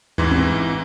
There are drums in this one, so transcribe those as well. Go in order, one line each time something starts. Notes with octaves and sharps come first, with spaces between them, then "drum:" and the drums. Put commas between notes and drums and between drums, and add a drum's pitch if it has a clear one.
A1 G#2 E3, drum: tom
drum: tom C4